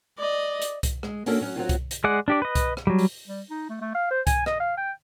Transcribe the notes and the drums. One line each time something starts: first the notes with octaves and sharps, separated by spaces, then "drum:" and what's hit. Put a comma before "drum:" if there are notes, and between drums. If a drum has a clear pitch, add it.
D5 D#5
drum: hi-hat
drum: kick C2, hi-hat
G#3, drum: rim click
A#3 C#4 D4 F#4 A4, drum: open hi-hat
F#3 C#4
F#3 C4 F4
drum: kick C2, hi-hat
drum: hi-hat
G#3 G#4 D5 F#5
D4 G4 D5
B4 D#5
drum: kick C2, hi-hat
drum: rim click
F#3 G3
drum: open hi-hat
G3
D#4
A3
A3
F5
C5
G#5, drum: kick C2, hi-hat
D#5, drum: rim click
F5
G5